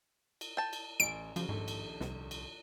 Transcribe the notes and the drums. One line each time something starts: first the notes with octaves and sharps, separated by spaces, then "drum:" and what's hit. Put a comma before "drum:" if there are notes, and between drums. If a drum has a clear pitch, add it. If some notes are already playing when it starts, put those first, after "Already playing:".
drum: cymbal
G5 A5
drum: cymbal
A1 G#5 D7
C#3 F3 F#3, drum: cymbal
D#1 A#1 G#2 A4
drum: cymbal
C2, drum: snare
drum: cymbal